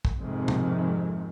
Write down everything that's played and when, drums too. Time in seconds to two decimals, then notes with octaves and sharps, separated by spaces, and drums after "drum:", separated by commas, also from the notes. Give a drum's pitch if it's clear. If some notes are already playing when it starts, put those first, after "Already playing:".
0.05 drum: kick
0.19 F2 G#2 C3 D#3 G#3
0.48 drum: tom B2